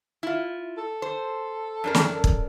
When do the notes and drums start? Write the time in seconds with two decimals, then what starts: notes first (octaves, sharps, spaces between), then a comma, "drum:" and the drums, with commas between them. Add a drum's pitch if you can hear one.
0.23 E4 F4
0.78 A4
1.02 C5
1.84 F#2 D4 A#4
1.95 drum: snare
2.24 drum: kick